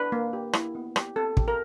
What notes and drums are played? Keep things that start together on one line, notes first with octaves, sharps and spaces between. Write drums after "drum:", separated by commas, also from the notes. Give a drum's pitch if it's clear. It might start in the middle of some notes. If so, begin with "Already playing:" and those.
Already playing: D4 B4
A#3
G4
E4, drum: rim click
B3
G4, drum: rim click
C4 A4
G4, drum: kick
A#4